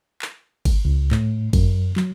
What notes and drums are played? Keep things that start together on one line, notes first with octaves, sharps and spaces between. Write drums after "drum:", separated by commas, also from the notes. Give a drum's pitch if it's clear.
drum: clap
drum: kick G1, cymbal
C#2
A2, drum: clap
F#2, drum: kick G1, cymbal
F#3, drum: clap